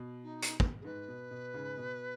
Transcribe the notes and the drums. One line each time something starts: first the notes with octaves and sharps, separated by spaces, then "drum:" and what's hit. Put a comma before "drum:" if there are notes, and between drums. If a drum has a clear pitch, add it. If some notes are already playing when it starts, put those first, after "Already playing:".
Already playing: B2
D#4
drum: hi-hat
drum: kick
G#4
G#2 B4
B2
B2
G#2 C#3
B2